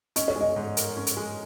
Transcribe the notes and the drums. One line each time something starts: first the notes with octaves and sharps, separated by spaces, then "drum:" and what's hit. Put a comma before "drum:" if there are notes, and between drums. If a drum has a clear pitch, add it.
C#4 D#5, drum: hi-hat
C#5
G#3
D#5
G#2
A#4, drum: hi-hat
C#4
drum: hi-hat
G#3